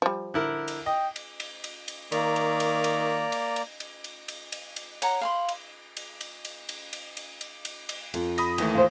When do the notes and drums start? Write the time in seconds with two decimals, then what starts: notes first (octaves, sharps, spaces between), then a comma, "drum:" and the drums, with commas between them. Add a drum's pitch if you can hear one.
0.02 F3 G3
0.34 D3 E4 A#4
0.68 drum: cymbal
0.86 D#5 G5
1.16 drum: cymbal
1.40 drum: cymbal
1.64 drum: cymbal
1.88 drum: cymbal
2.12 D#3 A#3 D5 A#5, drum: cymbal
2.36 drum: cymbal
2.60 drum: cymbal
2.84 drum: cymbal
3.32 drum: cymbal
3.56 drum: cymbal
3.80 drum: cymbal
4.04 drum: cymbal
4.28 drum: cymbal
4.52 drum: cymbal
4.76 drum: cymbal
5.02 C#5 F#5 A#5, drum: cymbal
5.21 F5 B5 C6
5.49 drum: cymbal
5.97 drum: cymbal
6.21 drum: cymbal
6.45 drum: cymbal
6.69 drum: cymbal
6.93 drum: cymbal
7.17 drum: cymbal
7.41 drum: cymbal
7.65 drum: cymbal
7.89 drum: cymbal
8.14 F2, drum: cymbal
8.38 B5 D#6 A#6, drum: cymbal
8.58 D#2 E3 A3, drum: cymbal
8.74 F4 C5